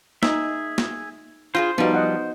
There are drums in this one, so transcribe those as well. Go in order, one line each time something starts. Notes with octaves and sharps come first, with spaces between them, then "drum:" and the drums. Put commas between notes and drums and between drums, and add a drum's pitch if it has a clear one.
D#4 G#4 E5, drum: snare
drum: snare
F4 F#4 G#4 C5
F3 G3 B3 D#4 F#4
D#5 F#5